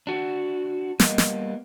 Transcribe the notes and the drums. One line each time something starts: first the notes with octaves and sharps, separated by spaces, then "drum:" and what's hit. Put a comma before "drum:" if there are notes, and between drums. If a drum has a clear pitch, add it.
D4 F#4
G3 A#3 B3 D#5, drum: snare
drum: snare